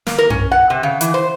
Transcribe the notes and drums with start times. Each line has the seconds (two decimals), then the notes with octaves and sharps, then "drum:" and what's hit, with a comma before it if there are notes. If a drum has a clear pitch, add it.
0.07 A#3, drum: snare
0.18 A#4
0.30 C#4, drum: tom F#2
0.51 F#5
0.70 C3
0.83 C#3
1.01 E3, drum: hi-hat
1.14 C5